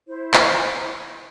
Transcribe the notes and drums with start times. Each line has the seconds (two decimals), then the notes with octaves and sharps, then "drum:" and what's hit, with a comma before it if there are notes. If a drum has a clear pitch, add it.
0.07 E4 C5
0.34 drum: clap